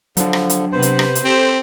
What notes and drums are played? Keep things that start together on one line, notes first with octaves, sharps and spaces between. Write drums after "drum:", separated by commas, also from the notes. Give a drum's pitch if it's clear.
D3 F3 F#3 D4, drum: hi-hat
drum: rim click
drum: hi-hat
C3 B3 B4 C5
drum: hi-hat
drum: rim click
drum: hi-hat
C4 G4 A4 E6